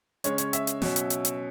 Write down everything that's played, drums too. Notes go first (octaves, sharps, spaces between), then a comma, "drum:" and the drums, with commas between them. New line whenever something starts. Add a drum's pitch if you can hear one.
C#3 G#3 C#4 C#5, drum: hi-hat
C#5, drum: hi-hat
E5, drum: hi-hat
drum: hi-hat
B2 F#3 C#4, drum: snare
drum: hi-hat
drum: hi-hat
drum: hi-hat